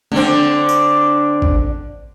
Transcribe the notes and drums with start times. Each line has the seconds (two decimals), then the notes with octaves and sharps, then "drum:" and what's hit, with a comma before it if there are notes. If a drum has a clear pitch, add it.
0.12 D3 C4, drum: tom
0.69 drum: tambourine
1.42 drum: kick G#1